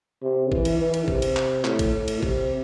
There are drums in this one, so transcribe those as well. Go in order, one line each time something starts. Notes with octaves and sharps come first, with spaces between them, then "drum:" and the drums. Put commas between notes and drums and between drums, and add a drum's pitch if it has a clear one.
C3
E3, drum: kick G#1
drum: cymbal
E3
drum: cymbal
C3, drum: kick G#1
drum: cymbal
drum: clap
A2, drum: clap
drum: kick G#1, cymbal
A2
drum: cymbal
C3, drum: kick G#1